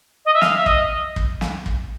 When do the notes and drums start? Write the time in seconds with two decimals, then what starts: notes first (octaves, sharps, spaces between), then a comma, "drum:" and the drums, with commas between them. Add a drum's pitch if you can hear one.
0.25 D#5
0.34 E5
0.41 F5, drum: snare
0.56 E5
0.66 D#5, drum: kick
1.16 drum: kick
1.41 drum: snare
1.66 drum: kick